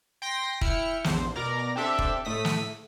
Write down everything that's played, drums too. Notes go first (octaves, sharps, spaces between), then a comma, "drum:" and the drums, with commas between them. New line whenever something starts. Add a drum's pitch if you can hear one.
G5 C6 A#6
E4 G5 F6 C#7, drum: kick
A#1 E2 C5, drum: snare
B2 A#4 D5 A#5
C4 D4 G4 A4 E5
drum: kick
A2 A3 D#6 B6
drum: snare